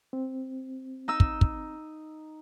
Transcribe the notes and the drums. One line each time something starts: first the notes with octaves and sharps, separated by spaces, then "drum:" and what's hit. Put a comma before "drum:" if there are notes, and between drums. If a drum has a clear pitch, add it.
C4
D#4 E6
drum: kick
drum: kick